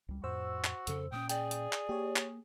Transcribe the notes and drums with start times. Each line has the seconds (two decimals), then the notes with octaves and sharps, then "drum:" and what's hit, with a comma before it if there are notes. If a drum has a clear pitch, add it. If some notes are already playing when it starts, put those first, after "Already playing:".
0.08 C#2 G3
0.24 F2 A2 F#4 C5 E6
0.64 drum: clap
0.87 F2 C#3 A4, drum: hi-hat
1.12 A#2 G#3 C#4 G5 D#6
1.29 G#4 D5 G5, drum: hi-hat
1.51 drum: hi-hat
1.73 drum: clap
1.89 A#3 G4 C#5
2.16 drum: clap